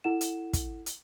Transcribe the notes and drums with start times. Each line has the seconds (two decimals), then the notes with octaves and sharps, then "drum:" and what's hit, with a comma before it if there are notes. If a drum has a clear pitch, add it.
0.04 E4 A4 F#5 E7
0.21 drum: hi-hat
0.53 drum: kick, hi-hat
0.86 drum: hi-hat